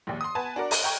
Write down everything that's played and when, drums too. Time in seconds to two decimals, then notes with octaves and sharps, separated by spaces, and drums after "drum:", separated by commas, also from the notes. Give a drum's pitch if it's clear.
0.07 A#1 D#2
0.21 C6 D#6
0.35 B3 B4 G#5 A5
0.56 D4 F#4 A#4 D5
0.71 F#6, drum: open hi-hat
0.84 G5 A#5 C#6 G#6